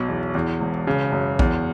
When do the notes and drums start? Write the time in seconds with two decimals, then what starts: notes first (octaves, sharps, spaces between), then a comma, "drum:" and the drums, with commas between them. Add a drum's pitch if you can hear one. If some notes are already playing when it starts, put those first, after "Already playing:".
Already playing: B1 B2
0.08 E2
0.35 E2
0.60 E1
0.87 C#3
1.12 F#2
1.39 E2, drum: kick A#1